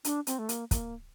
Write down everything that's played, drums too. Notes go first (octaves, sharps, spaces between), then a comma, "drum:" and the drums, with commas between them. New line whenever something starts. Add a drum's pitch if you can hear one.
D4, drum: hi-hat
C4, drum: hi-hat
A3
A#3, drum: hi-hat
A#3, drum: kick, hi-hat